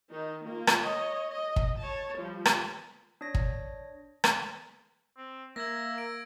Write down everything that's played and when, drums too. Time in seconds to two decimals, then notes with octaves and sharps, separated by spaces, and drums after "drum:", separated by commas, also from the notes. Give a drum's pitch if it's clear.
0.10 D#3 D#4
0.45 A#3 F4
0.67 drum: rim click
0.79 C#5 D#5
1.31 D#5
1.56 drum: kick
1.79 C#5 A5
2.18 F3 G3
2.45 drum: rim click
3.21 D4 C#5 A#6
3.35 drum: kick
4.24 drum: rim click
5.17 C4
5.56 A#3 E5 E6 G#6 A#6
5.98 D7